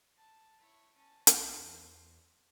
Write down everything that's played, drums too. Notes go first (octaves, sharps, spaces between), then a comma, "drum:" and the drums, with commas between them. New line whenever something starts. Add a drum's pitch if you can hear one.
A5
E4 C#5
C#4 A5
B1 C5, drum: hi-hat
E2